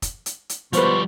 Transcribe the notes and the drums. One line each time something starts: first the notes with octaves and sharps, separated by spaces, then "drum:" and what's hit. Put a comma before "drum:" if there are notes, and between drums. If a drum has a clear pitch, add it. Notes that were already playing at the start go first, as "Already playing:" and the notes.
drum: kick, hi-hat
drum: hi-hat
drum: hi-hat
B2 F3 G3 G#3 F4 B4 C5 C#6, drum: hi-hat